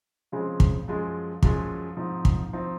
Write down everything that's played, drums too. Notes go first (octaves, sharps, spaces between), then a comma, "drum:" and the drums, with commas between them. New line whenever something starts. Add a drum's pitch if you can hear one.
C#3 F3 G#3 C4
drum: kick
F#2 F3 G#3
F#2 F3 G#3, drum: kick
G#2 F3 C4 D#4
drum: kick
F3 C4 D#4